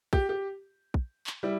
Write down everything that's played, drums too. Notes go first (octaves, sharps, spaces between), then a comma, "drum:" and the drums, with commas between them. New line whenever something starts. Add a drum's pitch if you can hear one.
G4, drum: kick
G4
drum: kick
drum: clap
G3 E4